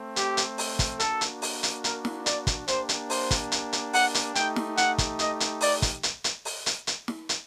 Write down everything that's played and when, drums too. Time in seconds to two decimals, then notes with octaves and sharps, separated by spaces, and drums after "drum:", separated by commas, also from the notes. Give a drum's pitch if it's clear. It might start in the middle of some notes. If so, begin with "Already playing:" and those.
Already playing: A3 C4
0.16 G4, drum: hi-hat
0.37 drum: hi-hat
0.58 drum: open hi-hat
0.79 drum: kick, hi-hat
1.00 A#3 D4 F#4 A4, drum: hi-hat
1.21 drum: hi-hat
1.42 drum: open hi-hat
1.63 drum: hi-hat
1.84 A#4, drum: hi-hat
2.05 drum: snare
2.26 D5, drum: hi-hat
2.47 drum: kick, hi-hat
2.68 A#3 D4 G4 C5, drum: hi-hat
2.89 drum: hi-hat
3.10 C5, drum: open hi-hat
3.31 drum: kick, hi-hat
3.52 drum: hi-hat
3.73 drum: hi-hat
3.93 F#5, drum: open hi-hat
4.15 drum: hi-hat
4.35 A3 D#4 G4 G5, drum: hi-hat
4.56 drum: snare
4.77 F#5, drum: hi-hat
4.98 drum: kick, hi-hat
5.19 D#5, drum: hi-hat
5.40 drum: hi-hat
5.61 D5, drum: open hi-hat
5.82 drum: kick, hi-hat
6.03 drum: hi-hat
6.24 drum: hi-hat
6.45 drum: open hi-hat
6.66 drum: hi-hat
6.87 drum: hi-hat
7.08 drum: snare
7.29 drum: hi-hat